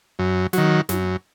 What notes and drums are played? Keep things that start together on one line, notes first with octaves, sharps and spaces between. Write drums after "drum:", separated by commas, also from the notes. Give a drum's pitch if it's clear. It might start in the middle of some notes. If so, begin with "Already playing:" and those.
F#2
D#3 F#3, drum: snare
F#2, drum: snare